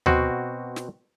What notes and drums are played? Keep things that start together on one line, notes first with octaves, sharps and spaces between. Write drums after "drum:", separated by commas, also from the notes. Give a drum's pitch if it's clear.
B2 C4 F#4, drum: tom D2
drum: snare